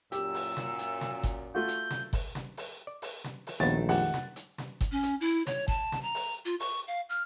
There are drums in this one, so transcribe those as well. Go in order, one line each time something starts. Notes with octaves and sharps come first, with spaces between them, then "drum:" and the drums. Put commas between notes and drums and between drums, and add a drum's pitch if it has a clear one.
F#2 A#2 G4 E6, drum: hi-hat
drum: open hi-hat
drum: snare
drum: hi-hat
drum: snare
drum: kick G1, hi-hat
A3 F4 F#4 G6
drum: hi-hat
drum: snare
drum: kick G1, open hi-hat
drum: snare
drum: open hi-hat
D5
drum: open hi-hat
drum: snare
drum: open hi-hat
A#1 D#2 D#3 A3 B3 A6
F2 G#3 G4 F#5, drum: open hi-hat
drum: snare
drum: hi-hat
drum: snare
drum: kick G1, hi-hat
C#4
drum: hi-hat
E4
C#5, drum: snare
A5, drum: kick G1
drum: snare
A#5
drum: open hi-hat
F4
C#6, drum: open hi-hat
F5
F6